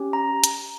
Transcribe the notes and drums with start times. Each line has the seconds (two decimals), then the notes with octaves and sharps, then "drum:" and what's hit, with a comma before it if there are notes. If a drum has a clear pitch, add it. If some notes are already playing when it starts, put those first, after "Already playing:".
Already playing: C#4 G4
0.13 A#5
0.44 drum: hi-hat